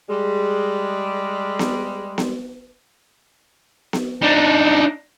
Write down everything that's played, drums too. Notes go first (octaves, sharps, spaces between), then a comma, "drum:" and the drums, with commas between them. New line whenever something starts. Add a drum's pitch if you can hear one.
G3 G#3
drum: snare B3
drum: snare B3
drum: snare B3
D4 D#4